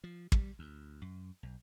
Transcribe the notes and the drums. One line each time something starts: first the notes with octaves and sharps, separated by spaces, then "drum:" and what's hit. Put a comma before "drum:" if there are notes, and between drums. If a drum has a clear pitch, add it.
F3
G3, drum: kick
D2
F#2
B1